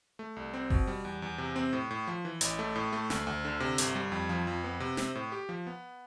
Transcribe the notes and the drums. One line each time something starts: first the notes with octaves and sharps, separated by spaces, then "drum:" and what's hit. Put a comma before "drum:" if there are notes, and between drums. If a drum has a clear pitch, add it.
A3
C2
C4
B2, drum: kick F#1
G3
E2
E2
C3
C4
A2
A2
F3
E3
A1, drum: hi-hat
A3
A2
A3
D2, drum: snare
D2
D3
C3
G1, drum: hi-hat
G3
F2
F3
F2
B3
C3
C4, drum: snare
A2
G4
F3
B3